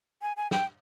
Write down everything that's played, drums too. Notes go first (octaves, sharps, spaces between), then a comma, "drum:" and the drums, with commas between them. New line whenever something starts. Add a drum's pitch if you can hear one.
G#5
G#5
G5, drum: snare